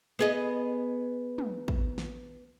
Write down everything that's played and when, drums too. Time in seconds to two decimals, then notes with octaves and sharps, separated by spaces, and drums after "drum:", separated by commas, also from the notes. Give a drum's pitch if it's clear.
0.19 B3 G#4 D#5
1.38 drum: tom
1.68 drum: kick
1.98 drum: snare